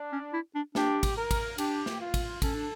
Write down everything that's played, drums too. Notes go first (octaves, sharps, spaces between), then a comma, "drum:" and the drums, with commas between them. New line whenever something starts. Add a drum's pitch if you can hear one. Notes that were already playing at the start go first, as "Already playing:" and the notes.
Already playing: D4
C#4
E4
D4
D4 G4, drum: snare
drum: kick, cymbal
A#4
drum: kick, cymbal
D4 G4, drum: cymbal
drum: snare
F4
drum: kick, cymbal
C#4 A4, drum: kick, cymbal
D4